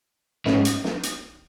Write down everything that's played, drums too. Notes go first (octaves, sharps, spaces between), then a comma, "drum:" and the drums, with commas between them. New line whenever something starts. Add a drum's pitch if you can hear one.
A2 C#4, drum: snare
G#2
drum: hi-hat
drum: snare
drum: hi-hat